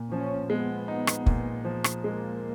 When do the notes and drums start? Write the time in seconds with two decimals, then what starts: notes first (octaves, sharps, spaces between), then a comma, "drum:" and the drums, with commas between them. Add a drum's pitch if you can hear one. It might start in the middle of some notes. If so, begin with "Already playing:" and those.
Already playing: A#2
0.11 F3 C#4
0.50 G#3 B3
0.88 D#4
1.07 drum: rim click
1.26 A#2, drum: kick
1.64 F3
1.84 drum: rim click
2.03 G#3 A#3